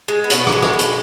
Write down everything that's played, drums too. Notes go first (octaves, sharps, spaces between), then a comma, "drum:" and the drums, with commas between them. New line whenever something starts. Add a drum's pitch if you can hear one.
G#3
B3
B2 C#4, drum: hi-hat
B3
A#3, drum: rim click
G#3
B3, drum: rim click
B2
C#4, drum: hi-hat